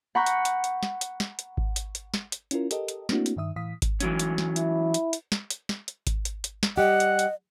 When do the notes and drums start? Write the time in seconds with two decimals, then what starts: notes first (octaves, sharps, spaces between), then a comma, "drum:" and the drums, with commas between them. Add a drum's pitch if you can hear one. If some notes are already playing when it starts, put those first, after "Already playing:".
0.15 F#5 A#5 B5 C#6 G6
0.26 drum: hi-hat
0.45 drum: hi-hat
0.64 drum: hi-hat
0.83 drum: snare
1.01 drum: hi-hat
1.20 drum: snare
1.39 drum: hi-hat
1.57 drum: kick G#1
1.76 drum: hi-hat
1.95 drum: hi-hat
2.14 drum: snare
2.32 drum: hi-hat
2.51 C#4 E4 F4 A#4, drum: hi-hat
2.71 G4 A4 A#4 D#5, drum: hi-hat
2.88 drum: hi-hat
3.09 A3 A#3 C4 D4 E4 F#4, drum: snare
3.26 drum: hi-hat
3.36 G2 D#3 E5 D#6
3.56 A2 E3 F5 D#6 B6
3.82 drum: kick G#1, hi-hat
4.00 E3 F#3 C#4, drum: hi-hat
4.19 drum: hi-hat
4.38 drum: snare
4.56 E4, drum: hi-hat
4.94 drum: hi-hat
5.13 drum: hi-hat
5.32 drum: snare
5.50 drum: hi-hat
5.69 drum: snare
5.88 drum: hi-hat
6.07 drum: kick G#1, hi-hat
6.25 drum: hi-hat
6.44 drum: hi-hat
6.63 drum: snare
6.77 G3 G4 D#5 F#5
7.00 drum: hi-hat
7.19 drum: hi-hat